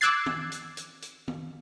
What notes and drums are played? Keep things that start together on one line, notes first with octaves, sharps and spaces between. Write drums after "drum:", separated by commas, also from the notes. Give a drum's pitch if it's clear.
D6 E6 F#6 G#6 A6 C7
drum: tom D#3
drum: hi-hat
drum: hi-hat
drum: hi-hat
drum: tom D#3